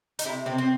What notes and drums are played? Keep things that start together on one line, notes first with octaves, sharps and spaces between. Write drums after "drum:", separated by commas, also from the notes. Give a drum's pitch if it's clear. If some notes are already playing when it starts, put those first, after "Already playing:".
D#4, drum: hi-hat
C3 E4
C3 C4
C4